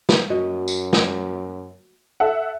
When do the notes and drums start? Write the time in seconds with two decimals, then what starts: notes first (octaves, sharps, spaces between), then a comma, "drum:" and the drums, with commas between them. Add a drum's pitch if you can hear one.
0.09 drum: snare
0.30 F#2 F#4 D#5
0.68 drum: tambourine
0.93 drum: snare
2.20 A4 E5 F#5